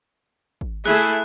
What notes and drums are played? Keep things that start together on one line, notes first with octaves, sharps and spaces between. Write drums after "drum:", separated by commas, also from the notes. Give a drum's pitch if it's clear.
drum: kick G#1
A3 E4 G#4 F#6, drum: tom